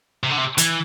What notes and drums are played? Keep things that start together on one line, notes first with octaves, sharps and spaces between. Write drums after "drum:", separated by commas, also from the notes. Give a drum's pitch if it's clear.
C3
D3
C3
E3, drum: hi-hat